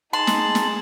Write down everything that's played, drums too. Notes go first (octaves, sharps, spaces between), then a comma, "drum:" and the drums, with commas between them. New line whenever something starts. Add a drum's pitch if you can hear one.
D#4 G#4 A5 C6 F#7
drum: snare
drum: snare